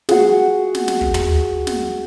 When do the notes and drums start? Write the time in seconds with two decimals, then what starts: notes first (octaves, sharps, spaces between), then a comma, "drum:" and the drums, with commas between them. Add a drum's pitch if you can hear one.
0.09 F#4 G#4, drum: snare
0.75 drum: snare
0.88 drum: snare
1.01 drum: kick
1.14 drum: tom
1.67 drum: snare